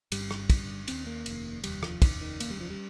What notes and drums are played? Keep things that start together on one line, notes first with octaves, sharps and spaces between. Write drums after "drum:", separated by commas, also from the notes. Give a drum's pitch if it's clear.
G1 G2 G3, drum: cymbal
drum: rim click
G1 G2, drum: kick, cymbal
F1 D#2 C4, drum: cymbal
A#3
F1 D#2, drum: cymbal
F1 D#2 G3, drum: cymbal
F3, drum: rim click
F1 D#2 D#3, drum: kick, cymbal
D#3
F1 D#2 A#3, drum: cymbal
G3
F3
G3